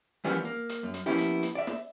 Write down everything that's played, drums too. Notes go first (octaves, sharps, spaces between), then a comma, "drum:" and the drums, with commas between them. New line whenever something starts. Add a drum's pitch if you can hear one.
E3 F3 G3 A#3 B3 C#4
A#3
drum: hi-hat
F#2
drum: hi-hat
F3 A#3 B3 C#4 E4 G4
drum: hi-hat
drum: hi-hat
D5 E5
drum: snare